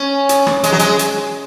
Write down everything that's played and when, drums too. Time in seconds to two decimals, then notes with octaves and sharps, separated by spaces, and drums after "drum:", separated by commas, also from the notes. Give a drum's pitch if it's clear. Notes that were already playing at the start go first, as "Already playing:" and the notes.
Already playing: C#4
0.29 drum: hi-hat
0.47 drum: rim click
0.64 G#3, drum: hi-hat
0.72 F#3
0.79 G#3, drum: hi-hat
0.99 drum: hi-hat